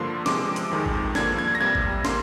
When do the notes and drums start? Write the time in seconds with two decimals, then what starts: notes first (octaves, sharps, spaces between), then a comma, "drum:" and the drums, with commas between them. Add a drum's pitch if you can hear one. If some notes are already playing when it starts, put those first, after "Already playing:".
Already playing: G2 D3 F3 A#3 C6
0.26 C3 F3 G#3 D6, drum: snare
0.56 drum: hi-hat
0.71 F2 D#3 G#3
0.86 drum: kick G#1
1.15 G2 D3 F3 A#3 G#6, drum: snare
1.39 G#6
1.55 A#6
1.60 C3 G3 A#3 G#6
1.75 drum: kick G#1
2.05 D3 G3 A#3 C6, drum: snare